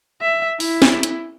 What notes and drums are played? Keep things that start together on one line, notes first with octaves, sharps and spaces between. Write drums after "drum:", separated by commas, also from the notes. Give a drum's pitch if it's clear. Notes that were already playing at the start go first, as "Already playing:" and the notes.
E5
E4, drum: open hi-hat
drum: snare
drum: hi-hat